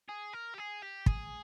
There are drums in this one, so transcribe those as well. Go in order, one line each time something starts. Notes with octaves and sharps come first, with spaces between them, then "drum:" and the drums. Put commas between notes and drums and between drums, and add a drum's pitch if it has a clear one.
G#4
A#4
G4
G#4
G4
G#4, drum: kick